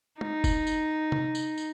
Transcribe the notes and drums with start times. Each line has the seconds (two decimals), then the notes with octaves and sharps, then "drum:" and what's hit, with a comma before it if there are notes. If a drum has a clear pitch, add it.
0.21 D#4, drum: tom
0.44 drum: kick, tambourine
0.67 drum: tambourine
1.12 drum: tom C3
1.35 drum: tambourine
1.58 drum: tambourine